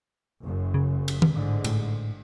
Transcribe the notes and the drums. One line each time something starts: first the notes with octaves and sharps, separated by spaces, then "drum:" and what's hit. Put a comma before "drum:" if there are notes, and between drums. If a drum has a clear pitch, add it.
F#1 F#2
C#3
drum: cymbal
drum: tom
A1 G#2 D3
A2, drum: cymbal